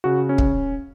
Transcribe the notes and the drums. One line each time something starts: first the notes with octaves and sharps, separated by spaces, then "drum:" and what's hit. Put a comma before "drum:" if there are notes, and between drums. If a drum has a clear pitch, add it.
C#3 F#4
C#4
drum: kick